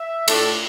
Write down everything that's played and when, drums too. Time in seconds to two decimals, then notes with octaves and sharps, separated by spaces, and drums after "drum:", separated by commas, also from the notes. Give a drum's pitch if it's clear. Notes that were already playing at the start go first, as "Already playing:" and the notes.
Already playing: E5
0.28 A2 A3 D4, drum: cymbal